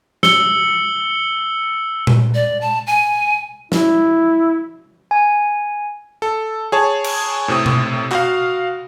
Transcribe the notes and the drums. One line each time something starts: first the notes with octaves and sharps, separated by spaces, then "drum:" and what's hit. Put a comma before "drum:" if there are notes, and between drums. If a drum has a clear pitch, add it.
E6 C#7 G7, drum: snare
drum: tom A#2
D5
A5
G#5
E4, drum: snare
G#5
A4
G#4 C#5 A5
drum: cymbal
A2 C3 C4 D#6
drum: tom B2
F#4 F5, drum: clap